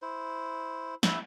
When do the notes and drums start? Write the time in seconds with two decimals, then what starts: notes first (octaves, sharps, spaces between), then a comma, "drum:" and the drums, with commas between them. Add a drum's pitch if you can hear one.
0.02 E4 C5
1.03 E4 E5, drum: snare